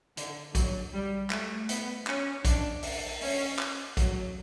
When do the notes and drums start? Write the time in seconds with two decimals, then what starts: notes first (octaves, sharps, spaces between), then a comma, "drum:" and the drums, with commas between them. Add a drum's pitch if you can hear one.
0.17 D3, drum: hi-hat
0.55 F#3, drum: kick A#1, hi-hat
0.93 G3
1.30 A3, drum: clap
1.69 B3, drum: hi-hat
2.07 C#4, drum: clap
2.45 D4, drum: kick A#1, hi-hat
2.83 drum: open hi-hat
3.21 C#4, drum: open hi-hat
3.59 drum: clap
3.97 F#3, drum: kick A#1, hi-hat